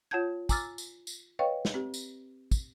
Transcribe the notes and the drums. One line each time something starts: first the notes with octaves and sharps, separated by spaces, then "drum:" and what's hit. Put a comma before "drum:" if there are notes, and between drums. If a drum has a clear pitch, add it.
F4 C#5 F#5 A5 G6 G#6
G#5 A#5 D6 E6 F6 A6, drum: kick, tambourine
drum: tambourine
drum: tambourine
B4 C#5 D#5 F5 G5 C#6
drum: snare
C4 G4
drum: tambourine
drum: kick, tambourine